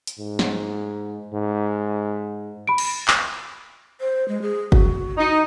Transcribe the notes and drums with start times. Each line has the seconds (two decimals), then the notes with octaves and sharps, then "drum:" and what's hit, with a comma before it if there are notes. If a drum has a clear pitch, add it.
0.07 drum: hi-hat
0.19 G#2
0.39 drum: snare
1.34 G#2
2.68 B5 D7
2.78 drum: cymbal
3.08 drum: clap
4.01 C5
4.28 G#3
4.42 G#4
4.72 F#4, drum: kick F#1
5.18 D#4